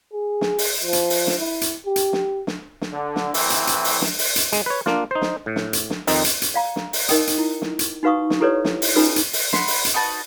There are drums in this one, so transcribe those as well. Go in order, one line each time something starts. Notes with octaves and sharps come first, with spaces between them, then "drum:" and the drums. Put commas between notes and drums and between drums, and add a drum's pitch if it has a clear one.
G#4
drum: snare
drum: open hi-hat
F3
drum: hi-hat
drum: open hi-hat
drum: snare
E4
drum: hi-hat
G4
drum: hi-hat
drum: snare
drum: snare
drum: snare
D3
drum: snare
A2 E3 F#3 C4, drum: open hi-hat
drum: hi-hat
drum: hi-hat
drum: open hi-hat
drum: snare
drum: open hi-hat
drum: hi-hat
G#3, drum: hi-hat
B4 C#5
A#3 D4 F4, drum: snare
D#4 C5
drum: snare
A2
drum: snare
drum: hi-hat
drum: snare
F2 D#3 C4 D#4, drum: open hi-hat
drum: hi-hat
drum: hi-hat
D5 F5 A#5
drum: snare
drum: open hi-hat
D#4 A#4 D#5 G5 D#6, drum: hi-hat
drum: hi-hat
E4
drum: snare
drum: hi-hat
D#4 F#4 B4 F5 C#6 D#6
drum: snare
E4 G4 A4 B4 C#5 D5
drum: snare
drum: open hi-hat
C#4 D#4 F4 F#4 A4 B4
drum: hi-hat
drum: open hi-hat
F#5 B5 C6, drum: snare
drum: open hi-hat
drum: hi-hat
D#4 F#4 B4 A5